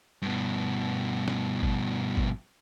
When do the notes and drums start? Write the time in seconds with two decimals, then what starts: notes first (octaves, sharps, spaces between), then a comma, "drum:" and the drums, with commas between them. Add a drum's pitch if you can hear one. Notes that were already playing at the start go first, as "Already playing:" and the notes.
0.22 G2 B2
1.28 drum: snare
1.63 drum: kick G#1
2.17 drum: kick G#1